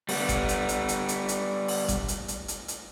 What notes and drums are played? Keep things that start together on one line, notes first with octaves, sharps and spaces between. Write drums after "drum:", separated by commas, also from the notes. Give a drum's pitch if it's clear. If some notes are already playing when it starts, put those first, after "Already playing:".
G3 B3, drum: open hi-hat
drum: kick G1, hi-hat
drum: hi-hat
drum: hi-hat
drum: hi-hat
drum: hi-hat
drum: hi-hat
drum: open hi-hat
drum: kick G1, hi-hat
drum: hi-hat
drum: hi-hat
drum: hi-hat
drum: hi-hat